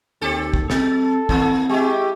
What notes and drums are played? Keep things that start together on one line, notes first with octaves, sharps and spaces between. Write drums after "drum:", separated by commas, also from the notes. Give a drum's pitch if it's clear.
D#2 C4 G4 A4
drum: kick
F#3 C4 A4, drum: snare
D#3 A#3 C4, drum: kick
G#3 E4 G4